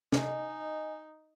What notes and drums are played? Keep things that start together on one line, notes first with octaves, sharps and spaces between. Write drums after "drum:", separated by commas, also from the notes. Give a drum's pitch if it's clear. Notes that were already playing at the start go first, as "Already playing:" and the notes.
C3 D#4 D#5 G#5, drum: snare